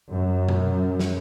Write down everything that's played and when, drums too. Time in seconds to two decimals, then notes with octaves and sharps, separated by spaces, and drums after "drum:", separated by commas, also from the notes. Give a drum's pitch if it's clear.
0.10 F#2
0.49 drum: tom B2
1.00 drum: snare